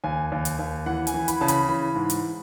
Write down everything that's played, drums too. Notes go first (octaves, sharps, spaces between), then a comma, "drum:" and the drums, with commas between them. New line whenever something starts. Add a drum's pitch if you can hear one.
D#2 G#5
D#2
drum: hi-hat
D#2
E3 F#5
G#5, drum: hi-hat
E3
B5, drum: hi-hat
C#3 A5
B5, drum: hi-hat
E3 B5
G#2
drum: hi-hat